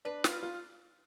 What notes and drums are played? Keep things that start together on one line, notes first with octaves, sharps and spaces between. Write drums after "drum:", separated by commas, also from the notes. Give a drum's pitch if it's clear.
D4 B4
F4, drum: snare
F5
F4